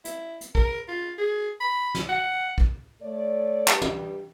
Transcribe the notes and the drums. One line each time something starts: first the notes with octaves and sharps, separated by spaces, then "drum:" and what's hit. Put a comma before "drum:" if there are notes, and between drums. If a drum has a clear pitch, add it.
E4, drum: hi-hat
drum: hi-hat
A#4, drum: kick
F4
G#4
B5
drum: snare
F#5
drum: kick
A3 C#5 D5
G2 G4, drum: clap
drum: tom